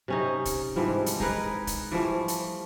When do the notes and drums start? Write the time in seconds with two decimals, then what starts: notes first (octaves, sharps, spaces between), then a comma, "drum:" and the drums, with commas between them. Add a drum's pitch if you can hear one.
0.08 C3 C#4 D#4
0.45 drum: kick, hi-hat
0.76 G#2 E3 F3 G3
1.06 drum: hi-hat
1.20 D#4 G#4 A#4 B4, drum: kick
1.67 drum: kick, hi-hat
1.92 E3 F3 G3 A3
2.28 drum: hi-hat